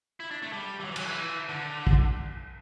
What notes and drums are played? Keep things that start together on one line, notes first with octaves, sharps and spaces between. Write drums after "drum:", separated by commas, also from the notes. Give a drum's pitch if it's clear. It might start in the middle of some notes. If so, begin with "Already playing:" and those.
E4
D4
A3
G3
E3
F#3
E3
F#3, drum: cymbal
E3
D3
drum: kick